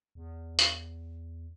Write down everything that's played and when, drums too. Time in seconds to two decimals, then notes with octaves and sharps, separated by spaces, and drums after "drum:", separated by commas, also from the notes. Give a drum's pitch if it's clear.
0.15 E2
0.59 drum: hi-hat